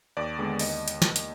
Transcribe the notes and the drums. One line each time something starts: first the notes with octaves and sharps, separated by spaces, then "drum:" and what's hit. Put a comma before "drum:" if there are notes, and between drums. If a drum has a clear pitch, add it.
D#2 D5
D3 G#3 B3
D#2 D#5, drum: open hi-hat
D#5
drum: hi-hat
drum: snare
drum: hi-hat